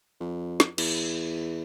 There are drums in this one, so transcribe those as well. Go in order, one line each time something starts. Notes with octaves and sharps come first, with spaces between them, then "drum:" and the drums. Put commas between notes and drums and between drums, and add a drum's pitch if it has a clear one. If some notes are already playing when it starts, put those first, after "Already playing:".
F2
drum: snare
E2, drum: cymbal